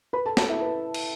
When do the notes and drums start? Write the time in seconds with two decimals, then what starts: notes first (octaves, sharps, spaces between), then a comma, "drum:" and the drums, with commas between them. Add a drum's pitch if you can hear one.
0.13 B4 B5
0.25 A4 A5
0.37 A4 A5, drum: snare
0.49 E4 E5
0.61 B4
0.94 drum: cymbal